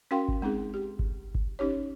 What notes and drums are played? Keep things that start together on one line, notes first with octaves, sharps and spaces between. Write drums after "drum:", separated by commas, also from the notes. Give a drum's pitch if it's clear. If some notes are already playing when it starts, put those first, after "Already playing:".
C#4 F#4 A#4 F5 G5 C6
drum: kick G1
G#3 C4 D#4 G#4
G4
drum: kick G1
drum: kick G1
C#4 D#4 G4 C#5